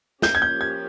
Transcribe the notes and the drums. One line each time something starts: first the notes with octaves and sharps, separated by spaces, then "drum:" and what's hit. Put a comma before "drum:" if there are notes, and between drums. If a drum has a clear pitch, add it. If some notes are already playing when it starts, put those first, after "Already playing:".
F3 A#3 C#4 G4 G6, drum: snare
G#6
G6
G#6